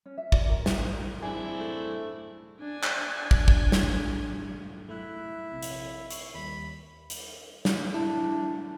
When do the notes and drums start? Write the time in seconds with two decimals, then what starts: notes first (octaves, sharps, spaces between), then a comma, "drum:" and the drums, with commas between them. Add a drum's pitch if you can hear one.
0.06 C#4
0.18 E5
0.32 D5, drum: kick
0.49 A#4
0.66 G#5, drum: snare
0.80 C5
0.96 A#4
1.22 C4 D4 E4 G#4
1.59 A3
2.60 D4 G#5
2.84 drum: clap
3.31 drum: kick
3.48 drum: kick
3.72 drum: snare
4.89 A3 E4 F#6
5.52 A#1 C3
5.63 drum: hi-hat
6.11 C#6 C7, drum: hi-hat
6.34 D#2 G3 B5
7.10 drum: hi-hat
7.65 drum: snare
7.94 D4 E4